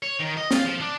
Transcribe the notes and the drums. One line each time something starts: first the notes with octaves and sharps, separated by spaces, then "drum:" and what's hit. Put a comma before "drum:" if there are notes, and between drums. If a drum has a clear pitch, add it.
C#5
D#3
D#5
F4, drum: snare
F3
D4